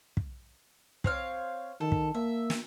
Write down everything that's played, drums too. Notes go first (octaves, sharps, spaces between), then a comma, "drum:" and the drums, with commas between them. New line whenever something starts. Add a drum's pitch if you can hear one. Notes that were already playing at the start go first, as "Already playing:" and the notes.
drum: kick
C4 C#5 F5, drum: kick
D#3 A4
drum: kick
A#3 E5
drum: snare